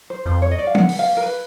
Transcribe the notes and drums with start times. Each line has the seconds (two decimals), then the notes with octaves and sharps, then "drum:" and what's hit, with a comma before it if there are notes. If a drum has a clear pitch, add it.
0.10 C5
0.26 F2 C5
0.42 C#5
0.51 D#5
0.58 D5
0.67 F5
0.75 F#5, drum: tom F3
0.89 drum: open hi-hat
0.99 F5
1.17 A#4
1.23 B4